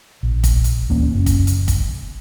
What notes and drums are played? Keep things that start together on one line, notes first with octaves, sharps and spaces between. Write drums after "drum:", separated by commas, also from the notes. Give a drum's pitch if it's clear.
A#1
drum: kick, hi-hat
drum: hi-hat
D1 E2 A#3 C#4
F#1 C#4
drum: kick, hi-hat
drum: hi-hat
drum: kick, hi-hat